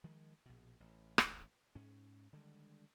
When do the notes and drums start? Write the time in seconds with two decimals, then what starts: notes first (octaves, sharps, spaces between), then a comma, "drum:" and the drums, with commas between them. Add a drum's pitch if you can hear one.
0.04 D#3 F3 G#3
0.46 A#1 B2
0.80 A1
1.18 drum: rim click
1.75 G#2 C#4
2.33 D3 D#3 G3 G#3